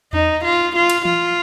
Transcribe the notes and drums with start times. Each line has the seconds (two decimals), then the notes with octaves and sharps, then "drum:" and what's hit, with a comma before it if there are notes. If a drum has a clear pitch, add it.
0.13 D#4, drum: tom E2
0.44 F4
0.75 F4
0.90 drum: cymbal
1.05 F4, drum: tom E3